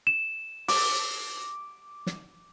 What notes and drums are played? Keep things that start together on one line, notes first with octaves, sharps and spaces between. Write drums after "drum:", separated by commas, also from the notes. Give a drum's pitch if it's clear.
E7
D6, drum: open hi-hat
drum: snare